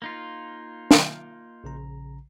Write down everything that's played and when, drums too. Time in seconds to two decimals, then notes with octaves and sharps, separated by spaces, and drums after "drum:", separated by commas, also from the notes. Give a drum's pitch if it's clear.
0.02 A#3 D#4 F4
0.91 drum: snare
1.64 A#1 C#3 A#5